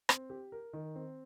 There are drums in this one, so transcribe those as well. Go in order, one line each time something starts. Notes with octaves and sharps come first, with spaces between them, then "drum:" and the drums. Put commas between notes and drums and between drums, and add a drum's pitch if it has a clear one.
C4, drum: rim click
G4
A#4
D#3
C4